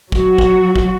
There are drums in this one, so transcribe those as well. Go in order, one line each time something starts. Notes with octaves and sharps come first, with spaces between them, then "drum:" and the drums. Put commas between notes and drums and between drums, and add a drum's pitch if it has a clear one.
F#3 F#4, drum: kick
drum: kick
drum: kick